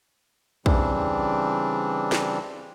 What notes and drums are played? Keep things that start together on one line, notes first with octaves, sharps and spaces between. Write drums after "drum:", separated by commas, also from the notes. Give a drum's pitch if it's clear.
C#3 E3 G3 C4 D4, drum: kick
drum: snare